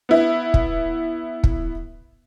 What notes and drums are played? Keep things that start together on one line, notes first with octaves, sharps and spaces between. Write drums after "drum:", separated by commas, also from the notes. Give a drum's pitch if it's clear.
B3 E4
drum: kick
drum: kick